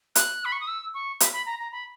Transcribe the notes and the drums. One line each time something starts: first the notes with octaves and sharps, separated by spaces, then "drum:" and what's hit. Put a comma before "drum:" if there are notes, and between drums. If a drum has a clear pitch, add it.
F#6, drum: hi-hat
B5
C#6
D#6
E6
C#6
B5, drum: hi-hat
B5
A#5
A#5
B5